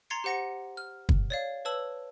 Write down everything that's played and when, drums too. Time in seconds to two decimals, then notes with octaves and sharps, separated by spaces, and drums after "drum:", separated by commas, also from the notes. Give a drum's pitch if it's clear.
0.10 A#5 C6 G#6 A6 C7 C#7
0.24 G4 C5 F#5 A#6 C#7
0.77 F6
1.09 drum: kick
1.30 C#5 D5 F5
1.65 B4 C#5 A5 E6 F#7